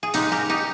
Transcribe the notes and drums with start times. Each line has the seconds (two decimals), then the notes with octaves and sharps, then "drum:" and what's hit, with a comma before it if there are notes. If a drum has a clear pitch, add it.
0.03 G#4
0.14 C#3 G#3 D#4 G4, drum: hi-hat
0.32 G4 A#4
0.50 D#4 G4